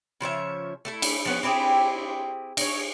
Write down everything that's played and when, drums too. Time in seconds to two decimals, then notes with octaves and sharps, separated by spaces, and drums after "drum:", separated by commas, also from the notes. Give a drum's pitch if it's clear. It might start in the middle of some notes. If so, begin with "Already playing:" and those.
0.21 C#3 F3 C#5 E5
0.85 A3 E4 A4
1.02 drum: cymbal
1.25 F3 B3 C#4
1.43 C4 E4 G4 G#4
2.57 D#4 C#5, drum: cymbal